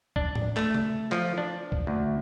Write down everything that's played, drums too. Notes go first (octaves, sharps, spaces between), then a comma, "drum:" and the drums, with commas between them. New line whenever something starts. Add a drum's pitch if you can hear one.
D4, drum: kick
drum: tom A2
A3, drum: clap
drum: tom C3
F3, drum: clap
D4
drum: kick
D2